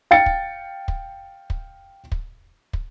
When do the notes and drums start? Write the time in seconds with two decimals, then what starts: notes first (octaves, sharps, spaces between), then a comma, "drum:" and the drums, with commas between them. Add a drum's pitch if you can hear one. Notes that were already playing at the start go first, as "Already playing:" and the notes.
0.11 F5 G5 A6 C#7
0.26 drum: kick
0.88 drum: kick
1.50 drum: kick
2.12 drum: kick
2.73 drum: kick